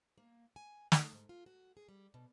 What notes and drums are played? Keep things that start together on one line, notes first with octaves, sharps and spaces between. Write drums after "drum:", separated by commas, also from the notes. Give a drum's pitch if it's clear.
A#3
G#5
A3, drum: snare
G#2
F4
F#4
G#4
G3
B2